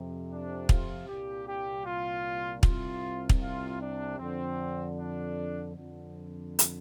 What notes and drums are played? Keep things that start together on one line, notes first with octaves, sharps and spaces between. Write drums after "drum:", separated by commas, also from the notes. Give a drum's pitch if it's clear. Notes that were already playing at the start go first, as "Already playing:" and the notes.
Already playing: F2 C3
D4
F4, drum: kick
C2 A#2 G4
G4
F4
C2 C3 F4, drum: kick
drum: kick
F4
D4
F2 D3 C4
D4
F2 D3
drum: hi-hat